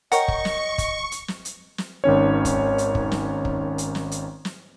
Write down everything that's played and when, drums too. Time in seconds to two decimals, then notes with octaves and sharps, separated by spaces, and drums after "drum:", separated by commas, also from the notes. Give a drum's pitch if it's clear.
0.12 A#4 C#5 D#5 F#5 G5 C#6, drum: hi-hat
0.28 drum: kick
0.45 drum: snare
0.78 drum: kick, hi-hat
1.12 drum: hi-hat
1.28 drum: snare
1.45 drum: hi-hat
1.78 drum: snare
2.04 G#1 D#3 C#4 C#5
2.45 drum: kick, hi-hat
2.78 drum: hi-hat
2.95 drum: kick
3.12 drum: snare
3.45 drum: kick
3.78 drum: hi-hat
3.95 drum: snare
4.11 drum: hi-hat
4.45 drum: snare